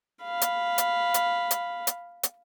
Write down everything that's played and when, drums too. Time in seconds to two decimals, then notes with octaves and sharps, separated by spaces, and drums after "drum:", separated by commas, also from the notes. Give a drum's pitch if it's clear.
0.23 F5 B5
0.41 drum: hi-hat
0.78 drum: hi-hat
1.14 drum: hi-hat
1.51 drum: hi-hat
1.87 drum: hi-hat
2.23 drum: hi-hat